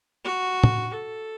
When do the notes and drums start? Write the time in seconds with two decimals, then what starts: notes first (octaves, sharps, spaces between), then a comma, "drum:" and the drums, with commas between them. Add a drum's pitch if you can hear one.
0.25 F#4
0.63 drum: tom
0.94 A4